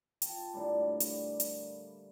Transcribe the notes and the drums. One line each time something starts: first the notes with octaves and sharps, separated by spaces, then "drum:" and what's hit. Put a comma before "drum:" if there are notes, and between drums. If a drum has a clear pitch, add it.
F4 A4 G5, drum: hi-hat
A2 D3 G3 A#3
drum: hi-hat
drum: hi-hat